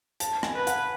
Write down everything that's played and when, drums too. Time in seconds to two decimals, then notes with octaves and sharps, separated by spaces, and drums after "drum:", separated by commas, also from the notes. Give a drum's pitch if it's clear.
0.20 A5, drum: hi-hat
0.43 G#5, drum: rim click
0.56 B4
0.67 F#5, drum: hi-hat